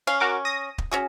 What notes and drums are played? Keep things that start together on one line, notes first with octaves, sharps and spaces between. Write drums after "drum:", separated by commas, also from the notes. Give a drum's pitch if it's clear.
C#4 F5
F#4 A#4 D6
D#6 A#6
drum: kick
C#4 F#4 G#4